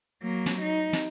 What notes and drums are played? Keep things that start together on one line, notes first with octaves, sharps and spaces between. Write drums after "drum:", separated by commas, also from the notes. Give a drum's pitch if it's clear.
F#3 A#3
drum: snare
D#4
drum: snare